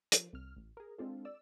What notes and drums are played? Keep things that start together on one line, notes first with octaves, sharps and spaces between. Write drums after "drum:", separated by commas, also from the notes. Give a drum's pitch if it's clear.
F3, drum: hi-hat
C2 F6
A1
G#4 A#4
G#3 C4 D4 F4 A4
D5 E6